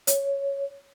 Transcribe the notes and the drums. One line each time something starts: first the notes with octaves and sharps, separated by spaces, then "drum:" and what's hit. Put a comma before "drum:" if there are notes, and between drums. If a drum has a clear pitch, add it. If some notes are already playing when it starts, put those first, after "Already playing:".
C#5, drum: hi-hat